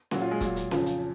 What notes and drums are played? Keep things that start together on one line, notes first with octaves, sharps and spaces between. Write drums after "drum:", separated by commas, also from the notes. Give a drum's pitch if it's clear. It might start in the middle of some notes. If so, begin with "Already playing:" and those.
A#2 F#3 F#4, drum: snare C#4
F4
G#3
A#2 F#3, drum: kick E1, hi-hat
drum: hi-hat
F2 C#3 F3, drum: snare C#4
drum: hi-hat